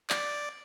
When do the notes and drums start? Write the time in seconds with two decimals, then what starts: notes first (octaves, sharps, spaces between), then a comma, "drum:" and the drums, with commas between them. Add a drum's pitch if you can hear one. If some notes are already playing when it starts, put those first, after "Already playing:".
0.10 D5, drum: clap